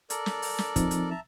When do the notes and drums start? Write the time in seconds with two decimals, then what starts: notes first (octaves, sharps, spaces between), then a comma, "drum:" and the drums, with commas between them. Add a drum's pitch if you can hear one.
0.10 A4 A#4 D5, drum: hi-hat
0.26 drum: snare
0.42 drum: open hi-hat
0.58 drum: snare
0.76 F3 C4 D#4, drum: kick, hi-hat
0.91 drum: hi-hat
1.10 E5 A5 A#5